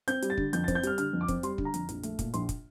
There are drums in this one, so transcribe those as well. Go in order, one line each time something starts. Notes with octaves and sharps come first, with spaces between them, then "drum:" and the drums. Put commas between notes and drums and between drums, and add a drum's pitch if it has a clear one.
C4 G6, drum: hi-hat
G3, drum: hi-hat
A6
D3, drum: kick
F2 G6, drum: hi-hat
A6
C4, drum: kick, hi-hat
G6
G3 F6, drum: hi-hat
D3 F6, drum: hi-hat
F2
D6
C4, drum: kick, hi-hat
G3 C6, drum: hi-hat
D3, drum: kick
A#5
F2, drum: hi-hat
A#1, drum: hi-hat
A3, drum: hi-hat
A#2, drum: kick, hi-hat
A#1 C6, drum: hi-hat
drum: kick, hi-hat